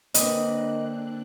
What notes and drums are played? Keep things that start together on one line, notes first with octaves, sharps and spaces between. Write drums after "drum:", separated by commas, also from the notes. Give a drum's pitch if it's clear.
D3 A#3 C4 D4 A#4 B4 D#5 F#6, drum: hi-hat